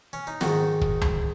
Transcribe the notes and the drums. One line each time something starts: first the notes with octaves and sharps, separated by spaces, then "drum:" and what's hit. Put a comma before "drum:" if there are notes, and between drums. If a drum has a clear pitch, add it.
C#4
D#4
G#2 D#3 F#4, drum: snare
drum: kick
drum: tom C#2